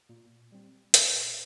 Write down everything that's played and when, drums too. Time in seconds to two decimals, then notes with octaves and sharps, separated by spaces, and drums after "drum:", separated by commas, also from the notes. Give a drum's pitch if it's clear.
0.09 A#2
0.52 G3 C4
0.94 A#2, drum: hi-hat